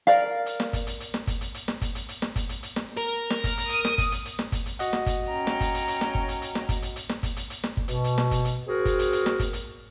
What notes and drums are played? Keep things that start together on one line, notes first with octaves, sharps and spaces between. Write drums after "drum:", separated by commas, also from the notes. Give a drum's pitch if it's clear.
A#4 D5 F5
drum: hi-hat
drum: snare
drum: kick G1, hi-hat
drum: hi-hat
drum: hi-hat
drum: snare
drum: kick G1, hi-hat
drum: hi-hat
drum: hi-hat
drum: snare
drum: kick G1, hi-hat
drum: hi-hat
drum: hi-hat
drum: snare
drum: kick G1, hi-hat
drum: hi-hat
drum: hi-hat
drum: snare
A#4
drum: snare
drum: kick G1, hi-hat
drum: hi-hat
D#6, drum: hi-hat
drum: snare
drum: kick G1, hi-hat
drum: hi-hat
drum: hi-hat
drum: snare
drum: kick G1, hi-hat
drum: hi-hat
F#4 D#5 F#5, drum: hi-hat
drum: snare
drum: kick G1, hi-hat
C#4 G5 A#5
drum: snare
drum: kick G1, hi-hat
drum: hi-hat
drum: hi-hat
drum: snare
drum: kick G1
drum: hi-hat
drum: hi-hat
drum: snare
drum: kick G1, hi-hat
drum: hi-hat
drum: hi-hat
drum: snare
drum: kick G1, hi-hat
drum: hi-hat
drum: hi-hat
drum: snare
drum: kick G1
B2, drum: hi-hat
drum: hi-hat
drum: snare
drum: kick G1, hi-hat
drum: hi-hat
C4 F#4 G#4 A#4
drum: kick G1, hi-hat
drum: hi-hat
drum: hi-hat
drum: snare
drum: kick G1, hi-hat
drum: hi-hat